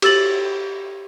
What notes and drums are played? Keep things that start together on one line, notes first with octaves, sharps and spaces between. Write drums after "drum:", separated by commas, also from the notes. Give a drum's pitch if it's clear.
G4 E6 A6 F#7, drum: cymbal